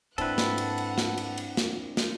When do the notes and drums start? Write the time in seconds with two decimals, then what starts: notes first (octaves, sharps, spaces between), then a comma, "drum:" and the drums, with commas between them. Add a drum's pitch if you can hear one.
0.18 G#2 C4 D4 E4 A4 B4 F#5, drum: cymbal
0.38 drum: snare
0.58 drum: cymbal
0.78 drum: cymbal
0.98 drum: snare
1.18 drum: cymbal
1.37 drum: cymbal
1.57 drum: snare
1.97 drum: snare